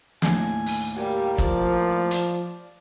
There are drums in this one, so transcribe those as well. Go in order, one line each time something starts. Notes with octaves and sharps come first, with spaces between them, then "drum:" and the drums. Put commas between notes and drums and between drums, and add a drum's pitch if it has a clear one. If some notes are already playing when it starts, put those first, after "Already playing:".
D#2 A2 D4 G#5, drum: snare
drum: open hi-hat
G3 A#3
F3 D5, drum: kick
drum: hi-hat